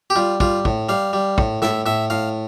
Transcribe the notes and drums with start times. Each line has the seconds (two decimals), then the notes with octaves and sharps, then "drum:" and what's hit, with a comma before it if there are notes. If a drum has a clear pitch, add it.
0.10 G4
0.16 G3 F4
0.40 G3 F4, drum: kick
0.65 A2, drum: kick
0.89 G3 F5
1.13 G3
1.38 A2, drum: kick
1.62 A2 E5, drum: snare
1.86 A2 E5
2.10 A2 F5